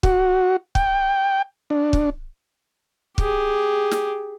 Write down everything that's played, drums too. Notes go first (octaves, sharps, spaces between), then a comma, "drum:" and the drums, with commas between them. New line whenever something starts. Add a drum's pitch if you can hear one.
F#4, drum: kick
G5, drum: kick
D4
drum: kick
G4 G#4, drum: kick
drum: snare